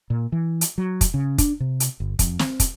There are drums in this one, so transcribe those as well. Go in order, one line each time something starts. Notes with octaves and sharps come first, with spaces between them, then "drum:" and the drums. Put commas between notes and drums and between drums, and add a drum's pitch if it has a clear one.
A#2
E3
drum: hi-hat
F#3
drum: kick, hi-hat
C#3
D4, drum: kick, hi-hat
C3
drum: hi-hat
G1
F2, drum: kick, hi-hat
C4, drum: snare
drum: kick, hi-hat